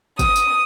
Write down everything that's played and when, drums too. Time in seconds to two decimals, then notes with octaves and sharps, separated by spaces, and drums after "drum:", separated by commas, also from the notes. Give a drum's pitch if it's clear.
0.19 D#6, drum: kick, tambourine
0.36 drum: tambourine